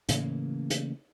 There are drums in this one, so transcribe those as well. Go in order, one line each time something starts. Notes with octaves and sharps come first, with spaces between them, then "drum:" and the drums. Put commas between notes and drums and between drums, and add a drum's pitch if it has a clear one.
A2 C#3 E3 A#3, drum: hi-hat
drum: hi-hat